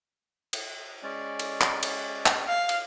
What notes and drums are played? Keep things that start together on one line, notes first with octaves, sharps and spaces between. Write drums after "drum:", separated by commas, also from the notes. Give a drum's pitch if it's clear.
drum: cymbal
G#3 C#4 D5
drum: cymbal
drum: clap
drum: cymbal
drum: clap
F5
drum: cymbal